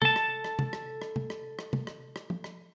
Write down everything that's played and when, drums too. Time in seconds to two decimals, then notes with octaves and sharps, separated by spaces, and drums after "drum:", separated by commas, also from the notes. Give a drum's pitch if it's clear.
0.02 A4 A5, drum: tom
0.16 drum: rim click
0.44 drum: rim click
0.59 drum: tom
0.73 drum: rim click
1.02 drum: rim click
1.16 drum: tom
1.30 drum: rim click
1.59 drum: rim click
1.73 drum: tom
1.87 drum: rim click
2.16 drum: rim click
2.30 drum: tom
2.44 drum: rim click